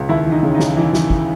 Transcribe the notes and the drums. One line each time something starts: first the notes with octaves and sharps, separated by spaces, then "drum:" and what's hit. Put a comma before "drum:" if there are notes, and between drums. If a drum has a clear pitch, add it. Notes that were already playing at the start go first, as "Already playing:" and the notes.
Already playing: C#2
D#2 E4
E3 D#4
C#3
D#4
C#3, drum: snare
E3 D#4
E3, drum: snare
drum: kick